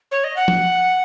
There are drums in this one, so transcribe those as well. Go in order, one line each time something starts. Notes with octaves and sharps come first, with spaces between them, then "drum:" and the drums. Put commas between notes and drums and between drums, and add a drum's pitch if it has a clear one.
C#5
D#5
F#5
drum: tom